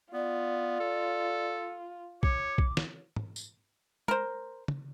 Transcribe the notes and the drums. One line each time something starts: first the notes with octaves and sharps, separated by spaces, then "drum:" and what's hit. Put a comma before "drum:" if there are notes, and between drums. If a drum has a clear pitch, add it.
B3 F4 D5
A4
C#5 D6, drum: kick
drum: kick
drum: snare
drum: tom
drum: tambourine
A#4 C5, drum: tom
drum: tom